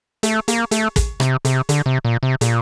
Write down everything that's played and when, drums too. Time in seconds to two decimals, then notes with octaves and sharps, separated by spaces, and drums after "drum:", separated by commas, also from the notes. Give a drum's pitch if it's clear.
0.23 A3, drum: hi-hat
0.48 A#3, drum: hi-hat
0.71 A3, drum: hi-hat
0.96 drum: kick, hi-hat
1.20 C3, drum: rim click
1.45 C3, drum: hi-hat
1.69 D3, drum: hi-hat
1.86 C3
2.05 A#2
2.23 C3
2.41 A#2, drum: hi-hat